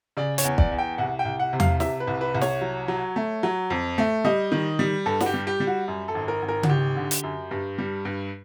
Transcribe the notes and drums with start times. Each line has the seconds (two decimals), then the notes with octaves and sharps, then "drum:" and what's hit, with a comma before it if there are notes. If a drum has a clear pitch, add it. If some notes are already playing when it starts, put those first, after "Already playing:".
0.17 C#3 D5
0.38 C#5, drum: hi-hat
0.44 E2
0.58 D5, drum: kick
0.71 E2
0.78 G5
0.98 C2 F#5
1.19 G5
1.25 C2
1.39 F#5
1.53 C3
1.60 F5, drum: tom E2
1.80 C3 E5, drum: snare
2.00 B4
2.07 C2
2.21 B4
2.35 C2
2.41 C#5, drum: snare
2.61 F#3
2.88 F#3
3.16 A3
3.43 F#3
3.70 F2
3.98 A3
4.25 G3 D#5
4.52 D#3
4.79 G3
5.06 G2 A4
5.20 F#4, drum: snare
5.26 G4
5.34 G3
5.47 G4
5.60 G3
5.67 F#4
5.88 F#2
6.08 A4
6.15 G#1
6.28 A#4
6.42 G#1
6.48 A#4
6.63 F#4, drum: tom C#3
6.69 G#1 G4
6.96 D3
7.11 drum: hi-hat
7.23 F#2
7.51 G2
7.78 G3
8.05 G2